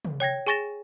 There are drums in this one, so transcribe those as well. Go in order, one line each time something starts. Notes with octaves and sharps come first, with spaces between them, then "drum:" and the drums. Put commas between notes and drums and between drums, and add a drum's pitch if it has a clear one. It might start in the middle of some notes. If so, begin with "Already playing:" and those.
drum: tom
C#5 G5 G#6 A#6
G#4 G#5 C#6 A6 A#6 E7